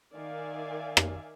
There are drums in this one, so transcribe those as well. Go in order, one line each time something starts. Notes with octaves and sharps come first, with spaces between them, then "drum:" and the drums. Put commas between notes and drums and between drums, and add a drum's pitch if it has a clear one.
D#3 D5 E5 F5 G#5
drum: rim click